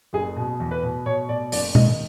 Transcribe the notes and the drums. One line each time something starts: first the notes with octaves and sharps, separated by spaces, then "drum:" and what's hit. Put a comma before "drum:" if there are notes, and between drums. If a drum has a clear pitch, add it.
F#1 G#4
B2
E2
B4
B2
B2 C#5
B2 D5
F#1 D5, drum: open hi-hat
D#3 D#5, drum: tom B2